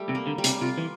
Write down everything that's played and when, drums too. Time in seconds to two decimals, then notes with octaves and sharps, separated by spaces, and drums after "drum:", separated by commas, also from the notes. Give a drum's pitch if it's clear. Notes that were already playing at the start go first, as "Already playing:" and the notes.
Already playing: G3 A3
0.09 C3
0.15 A#3
0.27 D3
0.38 G3
0.44 C3, drum: hi-hat
0.61 C3 F4
0.78 E3